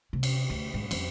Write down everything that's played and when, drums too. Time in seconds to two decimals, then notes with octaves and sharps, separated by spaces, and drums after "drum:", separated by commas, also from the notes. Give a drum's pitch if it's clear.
0.13 C3
0.23 drum: cymbal
0.50 D2
0.74 G#2
0.91 F2, drum: cymbal